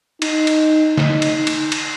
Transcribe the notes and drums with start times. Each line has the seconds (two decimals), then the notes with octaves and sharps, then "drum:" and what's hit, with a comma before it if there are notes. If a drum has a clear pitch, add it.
0.22 D#4, drum: cymbal
0.47 drum: cymbal
0.97 D#4, drum: snare
1.22 drum: cymbal
1.47 drum: cymbal
1.72 drum: cymbal